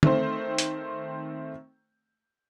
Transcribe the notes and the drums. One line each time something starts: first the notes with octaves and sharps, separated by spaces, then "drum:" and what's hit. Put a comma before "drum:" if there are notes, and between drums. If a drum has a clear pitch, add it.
D#3 A3 C4 C5, drum: tom
drum: hi-hat